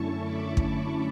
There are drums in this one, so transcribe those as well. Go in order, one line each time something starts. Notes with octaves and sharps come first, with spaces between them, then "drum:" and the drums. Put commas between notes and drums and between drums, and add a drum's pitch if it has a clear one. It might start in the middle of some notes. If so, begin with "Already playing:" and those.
Already playing: F#2 D3 A3 C#4 E4 A5 C#6
B5 D6
drum: kick